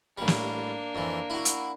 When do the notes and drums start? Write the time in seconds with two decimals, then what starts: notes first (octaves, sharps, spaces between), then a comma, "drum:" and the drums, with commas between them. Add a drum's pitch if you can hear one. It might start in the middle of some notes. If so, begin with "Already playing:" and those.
0.18 A1 G3 A#3 D4
0.28 drum: snare
0.95 F2 E3
1.30 E4 F#4
1.45 drum: hi-hat